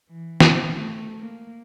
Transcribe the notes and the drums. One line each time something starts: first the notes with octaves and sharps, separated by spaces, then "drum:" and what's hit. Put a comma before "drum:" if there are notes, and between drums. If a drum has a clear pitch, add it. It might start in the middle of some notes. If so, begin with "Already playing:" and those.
E3
drum: snare
A3
A#3